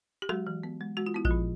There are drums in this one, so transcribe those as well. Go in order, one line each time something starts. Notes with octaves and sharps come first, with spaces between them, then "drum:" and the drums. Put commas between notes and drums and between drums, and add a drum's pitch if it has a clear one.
G4
F#3 G#3 F#4, drum: rim click
E3
B3
G#3
G#3 F#4
F4
B3 E4
F3 F4, drum: kick A1
A#2